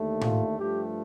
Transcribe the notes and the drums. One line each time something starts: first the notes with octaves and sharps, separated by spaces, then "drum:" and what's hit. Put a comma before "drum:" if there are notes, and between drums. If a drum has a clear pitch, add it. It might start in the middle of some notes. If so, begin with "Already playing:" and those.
Already playing: D#2 D3 A3
F4, drum: tom A2
G2 F3 A3 G4